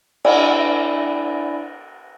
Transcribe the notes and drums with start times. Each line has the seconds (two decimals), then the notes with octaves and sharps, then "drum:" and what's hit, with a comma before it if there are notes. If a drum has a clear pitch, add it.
0.25 D4 E4 D5 E5 G#5 B5, drum: cymbal